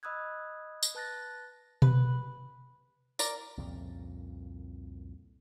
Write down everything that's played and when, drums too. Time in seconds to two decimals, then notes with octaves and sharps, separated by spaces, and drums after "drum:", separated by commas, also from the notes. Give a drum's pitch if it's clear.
0.03 D#5 B5 D#6 E6 F#6 G#6
0.83 drum: tambourine
0.95 B4 A5 F#6 A6 A#6
1.82 B4, drum: tom B2
3.19 A#4 D5, drum: tambourine
3.57 C2 F2 A#2 C#3